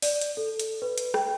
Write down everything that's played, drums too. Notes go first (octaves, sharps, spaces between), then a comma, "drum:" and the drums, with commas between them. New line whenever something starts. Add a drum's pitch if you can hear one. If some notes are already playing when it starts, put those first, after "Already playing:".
D5, drum: open hi-hat
drum: hi-hat
A4
drum: hi-hat
B4
drum: hi-hat
G5, drum: rim click